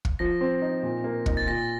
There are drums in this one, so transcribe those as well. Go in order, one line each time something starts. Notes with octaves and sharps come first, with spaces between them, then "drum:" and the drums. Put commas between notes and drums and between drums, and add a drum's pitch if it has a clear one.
drum: kick
F3 A#6
C4
D#4
A#2
A#3
D#4, drum: kick
A6
A#2 A#6